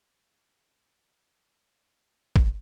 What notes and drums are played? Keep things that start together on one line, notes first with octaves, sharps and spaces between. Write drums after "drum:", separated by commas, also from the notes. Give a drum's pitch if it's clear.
D4 C#5
D4 F5
D4 F#5
B3 F5
D4 F#5
B3
B3
drum: kick